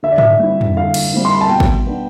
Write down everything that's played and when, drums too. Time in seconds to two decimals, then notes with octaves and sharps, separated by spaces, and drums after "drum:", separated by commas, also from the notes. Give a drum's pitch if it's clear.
0.03 D3 E5
0.12 D5
0.18 E5, drum: tom G#2
0.39 G3 C4 E4
0.61 drum: tom F2
0.77 D3 F5
0.94 drum: cymbal
1.13 G3 C4 E4
1.25 C6
1.33 B5
1.41 A5
1.49 B2 G5
1.60 drum: kick
1.87 B3 D4